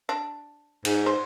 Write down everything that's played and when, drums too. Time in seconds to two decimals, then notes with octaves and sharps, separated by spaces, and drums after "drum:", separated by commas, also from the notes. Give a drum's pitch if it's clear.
0.09 D4
0.85 G#2, drum: cymbal
1.06 C5